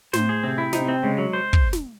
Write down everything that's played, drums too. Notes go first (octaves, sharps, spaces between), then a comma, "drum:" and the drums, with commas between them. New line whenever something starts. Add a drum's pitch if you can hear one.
A2 C5, drum: snare
G#4
C3 C4
E4
C3 D#4, drum: snare
C4
C#3 G#3
F#3
C5
drum: kick
drum: snare